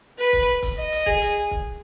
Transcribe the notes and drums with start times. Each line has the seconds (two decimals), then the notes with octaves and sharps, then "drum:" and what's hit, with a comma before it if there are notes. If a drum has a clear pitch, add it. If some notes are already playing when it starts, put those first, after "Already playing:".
0.18 B4
0.33 drum: kick
0.63 drum: kick, hi-hat
0.77 D#5
0.92 drum: hi-hat
1.06 G#4, drum: kick
1.22 drum: hi-hat
1.51 drum: kick